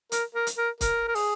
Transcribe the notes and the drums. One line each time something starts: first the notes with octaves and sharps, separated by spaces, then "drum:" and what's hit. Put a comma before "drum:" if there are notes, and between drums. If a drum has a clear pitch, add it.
A#4, drum: hi-hat
A#4
drum: hi-hat
A#4
A#4, drum: kick C#1, hi-hat
A#4
G#4, drum: open hi-hat